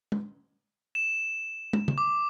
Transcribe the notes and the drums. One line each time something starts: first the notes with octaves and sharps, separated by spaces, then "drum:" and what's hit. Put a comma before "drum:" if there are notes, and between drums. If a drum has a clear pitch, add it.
drum: tom
E7
drum: tom
drum: tom C#3
D6